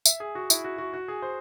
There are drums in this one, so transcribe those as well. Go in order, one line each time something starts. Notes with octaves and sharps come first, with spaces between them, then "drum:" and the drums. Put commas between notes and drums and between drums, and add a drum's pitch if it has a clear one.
E5, drum: tambourine
G#4
F#4
E4, drum: tambourine
F#4
F#4
F#4
G#4
C5